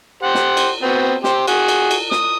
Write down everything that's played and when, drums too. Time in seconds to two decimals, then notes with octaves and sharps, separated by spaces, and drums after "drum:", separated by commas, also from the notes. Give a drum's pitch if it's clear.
0.23 G4 C5 F#5
0.35 drum: snare
0.57 drum: cymbal
0.82 B3 C4 F#4
1.24 G4 C5, drum: snare
1.47 F#4 G#4, drum: cymbal
1.68 drum: cymbal
1.91 drum: cymbal
2.11 D#6, drum: snare